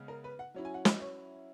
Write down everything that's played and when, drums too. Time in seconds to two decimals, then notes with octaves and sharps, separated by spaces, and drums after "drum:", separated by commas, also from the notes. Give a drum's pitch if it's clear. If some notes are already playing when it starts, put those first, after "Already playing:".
Already playing: C#3 G#3 B3
0.08 A#4
0.24 B4
0.39 F#5
0.54 F#3 C#4 E4
0.65 G#5
0.74 F#5
0.85 D#5, drum: snare
1.00 C#5